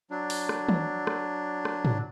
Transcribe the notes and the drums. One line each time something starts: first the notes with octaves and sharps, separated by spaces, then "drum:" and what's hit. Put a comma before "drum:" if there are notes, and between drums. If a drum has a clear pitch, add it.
F#3 D4
drum: open hi-hat
drum: rim click
drum: tom
drum: rim click
drum: rim click
drum: tom